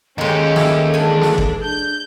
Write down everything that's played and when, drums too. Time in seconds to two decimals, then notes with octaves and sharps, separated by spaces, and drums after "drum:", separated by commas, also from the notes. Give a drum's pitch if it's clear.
0.18 D#2 D#3 G#3 C#4 G4 A4
0.56 E4, drum: snare
0.94 E3 G#3 D4 G5 G#5
1.21 drum: snare
1.38 drum: kick G1
1.64 D4 G6